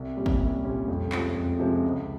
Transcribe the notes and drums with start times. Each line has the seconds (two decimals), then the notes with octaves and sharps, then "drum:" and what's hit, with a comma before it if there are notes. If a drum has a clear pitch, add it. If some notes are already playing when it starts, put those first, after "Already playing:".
Already playing: C2
0.17 A#2 G3 C#4
0.26 drum: kick
0.40 C2
0.65 A#2 G3 C#4
0.88 F2
1.12 C3 F3 G#3 C#4, drum: clap
1.36 F2
1.59 C3 F3 G#3 C#4
1.84 C#2